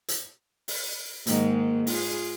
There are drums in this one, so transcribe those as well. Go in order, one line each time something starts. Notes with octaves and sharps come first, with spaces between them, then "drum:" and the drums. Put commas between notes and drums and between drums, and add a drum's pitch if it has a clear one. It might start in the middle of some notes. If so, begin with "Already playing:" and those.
drum: hi-hat
drum: open hi-hat
G#2 D#3 G#3 A#3, drum: hi-hat
F4 G#4, drum: open hi-hat